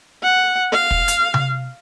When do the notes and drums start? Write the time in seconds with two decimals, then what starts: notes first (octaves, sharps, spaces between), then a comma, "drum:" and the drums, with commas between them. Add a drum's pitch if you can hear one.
0.23 F#5
0.72 F5
0.91 drum: kick
1.08 drum: hi-hat
1.34 drum: tom C3